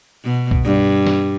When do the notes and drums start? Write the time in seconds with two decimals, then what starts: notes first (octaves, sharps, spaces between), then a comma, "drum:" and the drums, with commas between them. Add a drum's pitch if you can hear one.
0.24 B2
0.51 drum: kick
0.65 G2
1.07 drum: snare